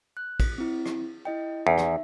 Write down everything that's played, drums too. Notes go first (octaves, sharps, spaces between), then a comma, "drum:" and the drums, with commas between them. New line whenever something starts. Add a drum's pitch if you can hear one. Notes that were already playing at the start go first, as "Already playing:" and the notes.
F#6
drum: kick, cymbal
C4 E4
drum: rim click
E4 D#5 G5
E2 D#4 E5
drum: rim click